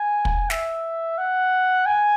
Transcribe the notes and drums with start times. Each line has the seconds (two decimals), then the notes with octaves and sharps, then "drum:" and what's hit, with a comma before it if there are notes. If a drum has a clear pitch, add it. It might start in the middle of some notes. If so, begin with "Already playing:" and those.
Already playing: G#5
0.25 drum: kick
0.50 E5, drum: snare
1.18 F#5
1.86 G#5